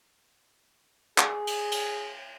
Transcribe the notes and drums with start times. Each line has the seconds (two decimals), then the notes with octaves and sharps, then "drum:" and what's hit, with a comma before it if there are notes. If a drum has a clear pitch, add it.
1.18 G#4, drum: clap
1.47 drum: cymbal
1.72 drum: cymbal